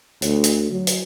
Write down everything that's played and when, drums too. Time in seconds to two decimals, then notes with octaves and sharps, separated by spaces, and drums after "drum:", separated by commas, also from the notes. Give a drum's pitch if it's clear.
0.22 D2, drum: hi-hat
0.44 drum: hi-hat
0.70 F#3
0.87 drum: hi-hat